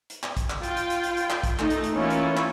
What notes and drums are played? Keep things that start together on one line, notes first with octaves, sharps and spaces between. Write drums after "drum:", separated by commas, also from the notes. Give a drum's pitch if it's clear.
drum: hi-hat
drum: clap
drum: kick, hi-hat
drum: clap
F4 G5, drum: hi-hat
drum: hi-hat
drum: hi-hat
drum: hi-hat
drum: hi-hat
drum: clap
drum: kick, hi-hat
A3 D#4, drum: clap
drum: hi-hat
drum: hi-hat
E3 A#3 C#4 E4 F4 C#5
drum: hi-hat
drum: clap